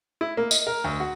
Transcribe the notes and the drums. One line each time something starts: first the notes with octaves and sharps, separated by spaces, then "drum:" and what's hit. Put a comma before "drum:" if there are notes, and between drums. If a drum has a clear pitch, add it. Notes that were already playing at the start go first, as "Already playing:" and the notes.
E4
A#3
D#5, drum: tambourine
A#4
D2
F#4